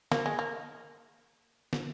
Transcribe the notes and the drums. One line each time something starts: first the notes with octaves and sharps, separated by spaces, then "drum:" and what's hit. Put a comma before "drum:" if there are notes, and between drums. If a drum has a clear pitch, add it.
A#3, drum: snare
G#3
A#3
drum: snare